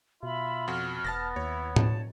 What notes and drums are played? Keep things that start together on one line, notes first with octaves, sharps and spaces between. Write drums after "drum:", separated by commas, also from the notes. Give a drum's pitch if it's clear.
B2 F4 E5 B5
F2 F#4 F6
E1 B3 A5 A6 A#6
D#2 E4 C#5
A5, drum: tom A2